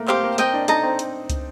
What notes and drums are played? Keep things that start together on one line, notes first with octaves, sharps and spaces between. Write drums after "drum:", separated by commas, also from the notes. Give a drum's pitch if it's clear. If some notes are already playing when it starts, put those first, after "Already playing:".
Already playing: A3 A#3
C4 G4 C5 F5, drum: clap
A#3
C4 A#4 D#5 G5, drum: hi-hat
D4
D#4 A4 D#5 A#5, drum: hi-hat
C4
drum: hi-hat
drum: kick, hi-hat